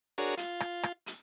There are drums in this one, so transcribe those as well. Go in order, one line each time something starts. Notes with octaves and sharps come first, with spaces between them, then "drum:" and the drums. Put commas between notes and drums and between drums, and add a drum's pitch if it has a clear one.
D4 F#4 G#4 A#4 C#5
F4, drum: hi-hat
drum: rim click
drum: rim click
drum: hi-hat